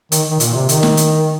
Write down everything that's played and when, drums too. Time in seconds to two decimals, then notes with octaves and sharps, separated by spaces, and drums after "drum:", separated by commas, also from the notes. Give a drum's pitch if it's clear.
0.12 D#3, drum: hi-hat
0.31 D#3
0.40 A#2, drum: hi-hat
0.54 C3
0.69 D#3, drum: hi-hat
0.83 drum: snare
0.97 drum: hi-hat